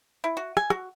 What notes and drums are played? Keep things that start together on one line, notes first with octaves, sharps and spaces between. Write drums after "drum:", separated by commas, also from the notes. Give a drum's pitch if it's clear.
E4
F#4
G#5, drum: rim click
F#4, drum: rim click